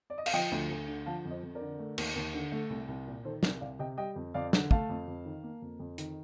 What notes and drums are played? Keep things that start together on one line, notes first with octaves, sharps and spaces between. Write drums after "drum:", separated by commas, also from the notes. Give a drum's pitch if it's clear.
D5
D#5
F5, drum: cymbal
F3 D#5 G5
D2
D2
D3
F3 F5 A5
F2
C5 D#5
F2
A#4 D5
D3
A3
D#2, drum: cymbal
D#2
D3
A3
C2
C2
A#2
D#3 A4 C5
C2 A#4 D5, drum: snare
C2 D5 F5
C3 D#5 G5
G3 D#5 G5
F2
F2 D5 F5
D3, drum: snare
A3 F5 A5, drum: kick
F2
F2
D#3
A#3
F2
F2
D#3, drum: hi-hat